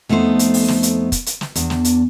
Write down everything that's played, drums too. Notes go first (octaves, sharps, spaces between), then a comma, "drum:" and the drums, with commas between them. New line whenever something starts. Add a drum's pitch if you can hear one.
F2 A3 B3 D#4 C5
drum: hi-hat
drum: open hi-hat
drum: snare
drum: hi-hat
drum: kick, hi-hat
drum: hi-hat
drum: snare
E2 D4, drum: hi-hat
drum: snare
drum: hi-hat